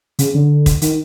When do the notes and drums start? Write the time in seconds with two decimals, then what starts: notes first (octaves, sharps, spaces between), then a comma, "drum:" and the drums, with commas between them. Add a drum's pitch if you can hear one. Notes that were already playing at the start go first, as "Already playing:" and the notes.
0.19 C#3, drum: hi-hat
0.34 D3
0.66 drum: kick, hi-hat
0.82 D#3, drum: hi-hat